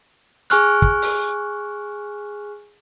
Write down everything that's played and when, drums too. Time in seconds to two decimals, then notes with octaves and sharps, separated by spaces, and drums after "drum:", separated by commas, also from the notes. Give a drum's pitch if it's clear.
0.50 G#4 G#5 C#6 F6 F#6, drum: hi-hat
0.82 drum: kick
1.02 drum: open hi-hat